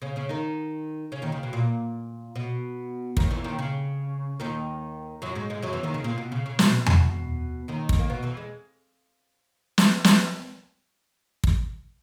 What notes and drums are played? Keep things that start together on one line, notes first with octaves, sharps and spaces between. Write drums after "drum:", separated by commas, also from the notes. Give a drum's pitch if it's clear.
C#3 C#4
C#3 C#4
D#3 D#4
C#3 C#4
D#2 D#3
C#3
B2
A#2
B2
D#2 D#3, drum: kick
E2 E3
D#2 D#3
C#3
D#2 D#3
F#2 F#3
G#2 G#3
G#2 G#3
F#2 F#3
E2 E3
D#2 D#3
C#3
A#2
B2
C#3
C#3
B2, drum: snare
B2
B2, drum: tom E2
D#2 D#3
drum: kick
A#3
B2 B3
E2 E3
G#3
drum: snare
drum: snare
drum: kick